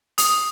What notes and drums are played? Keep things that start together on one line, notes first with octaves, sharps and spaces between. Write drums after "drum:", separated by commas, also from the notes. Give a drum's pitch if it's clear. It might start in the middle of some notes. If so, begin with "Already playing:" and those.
D#6, drum: hi-hat